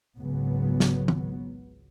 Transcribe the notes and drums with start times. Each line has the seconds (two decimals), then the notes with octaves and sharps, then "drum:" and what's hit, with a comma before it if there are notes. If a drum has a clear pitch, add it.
0.17 G#1 C#2 F#3 B3
0.80 drum: snare
1.08 drum: tom D#3